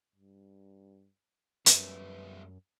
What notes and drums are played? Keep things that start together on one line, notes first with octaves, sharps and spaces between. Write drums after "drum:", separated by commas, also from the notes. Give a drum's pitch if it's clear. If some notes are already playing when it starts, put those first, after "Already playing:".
G2
F#2 G3 A3 B4, drum: hi-hat